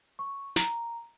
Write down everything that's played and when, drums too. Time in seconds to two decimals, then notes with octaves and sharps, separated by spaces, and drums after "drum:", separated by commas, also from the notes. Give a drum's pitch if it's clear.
0.19 C#6
0.56 A#5, drum: snare